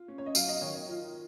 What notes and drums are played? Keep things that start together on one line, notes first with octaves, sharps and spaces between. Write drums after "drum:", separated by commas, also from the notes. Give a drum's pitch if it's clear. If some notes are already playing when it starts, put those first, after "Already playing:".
Already playing: F4
C#4
C#5
D#5
F#3 F5, drum: tambourine
D#5
D#3 C#5
D#5
F4